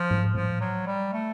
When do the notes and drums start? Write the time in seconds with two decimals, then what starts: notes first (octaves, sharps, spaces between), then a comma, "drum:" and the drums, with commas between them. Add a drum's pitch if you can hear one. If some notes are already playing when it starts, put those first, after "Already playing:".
Already playing: F3
0.11 drum: tom G#2
0.34 F3, drum: tom A2
0.61 F#3
0.87 G3
1.13 A3